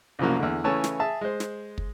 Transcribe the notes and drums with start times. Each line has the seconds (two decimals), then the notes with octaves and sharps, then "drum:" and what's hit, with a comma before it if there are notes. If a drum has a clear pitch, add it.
0.19 C2 F#2 C#3 F3 F#3 A#3
0.39 E2 D3
0.64 C#3 E3 A3 C#4 C#5 A5
0.84 drum: snare
0.99 G#4 E5 A5
1.21 G#3 C5
1.40 drum: snare
1.78 drum: kick